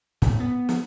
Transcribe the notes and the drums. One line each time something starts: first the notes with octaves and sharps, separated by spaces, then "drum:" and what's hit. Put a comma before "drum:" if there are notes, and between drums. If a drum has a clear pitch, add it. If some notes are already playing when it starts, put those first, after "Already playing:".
A2, drum: snare
B3
drum: snare